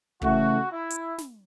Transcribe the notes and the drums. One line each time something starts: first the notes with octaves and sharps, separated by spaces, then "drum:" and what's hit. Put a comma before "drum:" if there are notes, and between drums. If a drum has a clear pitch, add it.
C#3 E3 A3 E4 F#4, drum: kick
E4
drum: hi-hat
drum: snare